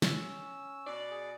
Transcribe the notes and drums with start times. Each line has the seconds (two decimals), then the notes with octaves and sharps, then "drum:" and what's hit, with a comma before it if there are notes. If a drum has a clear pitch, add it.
0.02 C#4 E6, drum: snare
0.86 B2 D5
1.11 G#4